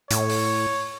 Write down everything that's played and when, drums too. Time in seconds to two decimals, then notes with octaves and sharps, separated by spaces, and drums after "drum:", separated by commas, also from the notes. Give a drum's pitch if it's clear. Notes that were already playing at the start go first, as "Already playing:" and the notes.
0.11 A2 C#5, drum: hi-hat
0.29 drum: open hi-hat